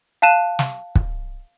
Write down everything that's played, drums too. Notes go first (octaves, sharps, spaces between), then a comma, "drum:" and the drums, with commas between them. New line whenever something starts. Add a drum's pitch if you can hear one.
F5 A5 F#6 D#7 E7
drum: snare
drum: kick